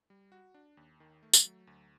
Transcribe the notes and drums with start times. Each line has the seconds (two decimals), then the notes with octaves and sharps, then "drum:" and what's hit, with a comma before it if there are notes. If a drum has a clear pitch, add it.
0.10 G3
0.32 F#4
0.54 D4
0.77 D#2
1.00 D#3
1.23 A3
1.33 drum: tambourine
1.45 F#3
1.67 D2